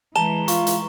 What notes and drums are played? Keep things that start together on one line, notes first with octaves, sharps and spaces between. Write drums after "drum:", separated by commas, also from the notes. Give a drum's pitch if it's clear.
E3 G#3 A5 A#5 E7 G7
F4 C#6, drum: hi-hat
drum: hi-hat